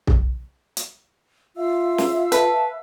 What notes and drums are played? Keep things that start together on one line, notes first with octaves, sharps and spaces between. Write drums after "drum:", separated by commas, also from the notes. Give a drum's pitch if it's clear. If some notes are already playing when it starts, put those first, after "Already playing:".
drum: kick
drum: hi-hat
F4 E5 F5 E6
drum: snare
B4 A5, drum: hi-hat